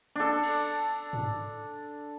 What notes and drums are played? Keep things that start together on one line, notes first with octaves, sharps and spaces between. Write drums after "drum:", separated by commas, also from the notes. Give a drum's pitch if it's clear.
D4 A4
drum: cymbal
drum: tom